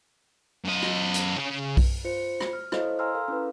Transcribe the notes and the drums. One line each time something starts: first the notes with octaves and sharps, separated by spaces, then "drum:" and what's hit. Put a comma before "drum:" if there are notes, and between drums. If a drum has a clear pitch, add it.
F#2 D#5
drum: rim click
drum: hi-hat
C#3
drum: kick B1, open hi-hat
F4 C5 C#7
drum: rim click
F6
E4 A4 C5 C#5 D#5 F5, drum: rim click
F5 G#5 A#5 C6 E6 F6
A4 A#4 F5
C#4 E4 B4